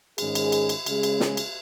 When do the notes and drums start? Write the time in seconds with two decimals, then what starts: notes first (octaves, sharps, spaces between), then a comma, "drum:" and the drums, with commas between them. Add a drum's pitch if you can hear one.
0.18 G#2 D#3 G#3 C#4 G#4, drum: cymbal
0.35 drum: cymbal
0.52 drum: cymbal
0.69 drum: cymbal
0.86 C#3 G#3 C#4 G#4, drum: cymbal
1.03 drum: cymbal
1.20 drum: snare
1.37 drum: cymbal